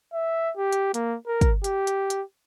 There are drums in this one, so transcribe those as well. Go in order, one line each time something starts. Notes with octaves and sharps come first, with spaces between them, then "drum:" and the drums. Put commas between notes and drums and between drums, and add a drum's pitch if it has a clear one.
E5
G4
drum: hi-hat
A#3, drum: hi-hat
A#4
drum: kick, hi-hat
G4, drum: hi-hat
drum: hi-hat
drum: hi-hat